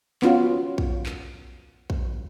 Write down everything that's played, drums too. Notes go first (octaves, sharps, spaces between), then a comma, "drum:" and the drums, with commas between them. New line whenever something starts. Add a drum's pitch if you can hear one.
B3 C#4 F4 F#4, drum: clap
drum: kick A#1
drum: clap
drum: kick A#1